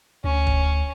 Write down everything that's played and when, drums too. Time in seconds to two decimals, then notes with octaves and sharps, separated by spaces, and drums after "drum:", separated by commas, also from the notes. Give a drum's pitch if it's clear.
0.24 D2 C#4
0.47 drum: kick